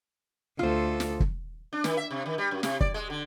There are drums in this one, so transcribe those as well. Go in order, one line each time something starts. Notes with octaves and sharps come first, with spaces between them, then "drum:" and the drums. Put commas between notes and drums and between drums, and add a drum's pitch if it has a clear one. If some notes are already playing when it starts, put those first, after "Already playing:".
D2 F4 A4 C5
drum: snare
drum: kick
D4
D#3, drum: snare
E5
C3
D#3
G3
F#2
C3, drum: snare
D5, drum: kick
G#3
D3